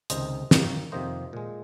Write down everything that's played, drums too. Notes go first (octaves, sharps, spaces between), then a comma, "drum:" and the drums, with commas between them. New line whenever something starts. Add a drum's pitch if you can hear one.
C#2 C3 D#3 C5 D#5, drum: hi-hat
F#2 D#3 A#3, drum: snare
F2 C3 D#3 A#3 C5 D#5
A#2 G#3